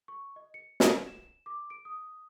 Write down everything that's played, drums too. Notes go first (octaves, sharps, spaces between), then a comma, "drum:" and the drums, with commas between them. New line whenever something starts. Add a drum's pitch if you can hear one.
C#6
D#5
C#7
G#6, drum: snare
E7
D6
D7
D#6